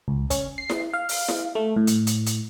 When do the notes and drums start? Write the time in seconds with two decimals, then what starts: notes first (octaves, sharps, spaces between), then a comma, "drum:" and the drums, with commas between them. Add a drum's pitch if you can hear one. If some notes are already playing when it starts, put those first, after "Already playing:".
0.08 C#2
0.30 C#4, drum: kick, hi-hat
0.58 C7
0.70 drum: snare E4
0.93 F5
1.09 drum: open hi-hat
1.28 drum: snare E4
1.55 A3
1.76 A2
1.87 drum: hi-hat
2.07 drum: hi-hat
2.26 drum: hi-hat